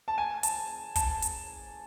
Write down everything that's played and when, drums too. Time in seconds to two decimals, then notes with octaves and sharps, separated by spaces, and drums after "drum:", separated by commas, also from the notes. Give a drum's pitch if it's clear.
0.08 A5
0.18 G#5
0.43 A5, drum: hi-hat
0.96 A5, drum: kick, hi-hat
1.22 drum: hi-hat